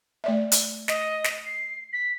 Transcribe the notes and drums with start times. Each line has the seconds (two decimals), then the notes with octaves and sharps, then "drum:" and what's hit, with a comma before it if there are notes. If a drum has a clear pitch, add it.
0.24 A3 D5 E5
0.52 drum: hi-hat
0.88 D#5, drum: snare
1.24 drum: snare
1.46 C7
1.93 B6